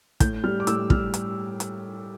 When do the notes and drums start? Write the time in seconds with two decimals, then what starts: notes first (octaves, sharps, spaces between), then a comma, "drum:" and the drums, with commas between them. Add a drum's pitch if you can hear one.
0.20 A2 G6, drum: kick, hi-hat
0.44 G3 F6
0.60 D6
0.67 A2 E6, drum: hi-hat
0.90 G3 F6, drum: kick
1.14 drum: hi-hat
1.60 drum: hi-hat